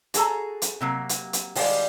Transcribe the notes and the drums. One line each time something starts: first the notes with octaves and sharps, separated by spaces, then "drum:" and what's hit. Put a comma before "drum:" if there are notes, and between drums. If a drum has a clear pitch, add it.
F#4 G#4 A4 A#5, drum: hi-hat
drum: hi-hat
C3 F#3 A#3
drum: hi-hat
drum: hi-hat
D#3 G3 G#3 D5 F5, drum: open hi-hat